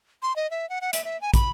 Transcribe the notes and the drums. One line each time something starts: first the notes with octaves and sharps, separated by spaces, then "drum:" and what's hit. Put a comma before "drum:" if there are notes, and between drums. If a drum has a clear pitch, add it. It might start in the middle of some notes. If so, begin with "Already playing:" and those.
C6
D#5
E5
F#5
F#5
E5, drum: hi-hat
E5
G#5
B5, drum: kick, hi-hat